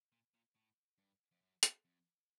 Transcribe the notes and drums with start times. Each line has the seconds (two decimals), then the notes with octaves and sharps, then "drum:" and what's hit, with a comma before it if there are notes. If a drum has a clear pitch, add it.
0.12 A#2
0.34 A#2
0.55 A2
0.98 G2
1.32 F2
1.41 F#2
1.63 drum: hi-hat
1.85 F2